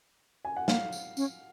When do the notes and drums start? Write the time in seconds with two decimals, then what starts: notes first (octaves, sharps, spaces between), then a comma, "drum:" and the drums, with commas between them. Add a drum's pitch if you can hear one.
0.45 G#5
0.57 F#5
0.68 A#3 F5, drum: snare
0.92 drum: tambourine
1.17 C#4, drum: tambourine